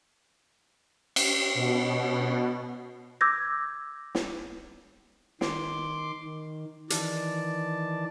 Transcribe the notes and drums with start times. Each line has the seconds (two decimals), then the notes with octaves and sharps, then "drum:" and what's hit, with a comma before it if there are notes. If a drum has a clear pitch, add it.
1.16 drum: cymbal
1.55 B2
3.21 D6 E6 G6 G#6 A#6
4.15 drum: snare
5.41 D#3 C6 D6, drum: snare
6.24 D#3
6.90 D#3 E3 D5 A5, drum: hi-hat